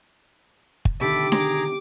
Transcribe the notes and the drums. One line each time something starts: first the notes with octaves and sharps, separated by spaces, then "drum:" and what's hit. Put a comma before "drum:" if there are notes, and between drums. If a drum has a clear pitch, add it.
drum: kick
B2 D3 D#3 G4 A4 E5 B5 D6
G#4 A#5, drum: snare D4